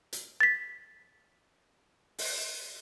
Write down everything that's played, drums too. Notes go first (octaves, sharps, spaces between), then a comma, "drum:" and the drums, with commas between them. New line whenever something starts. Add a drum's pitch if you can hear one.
drum: hi-hat
A6 B6
drum: open hi-hat